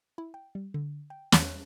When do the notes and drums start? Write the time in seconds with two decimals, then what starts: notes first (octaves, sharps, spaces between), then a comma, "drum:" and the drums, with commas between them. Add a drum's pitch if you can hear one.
0.18 E4
0.34 G5
0.55 G3
0.74 D3
1.10 G5
1.32 E2, drum: snare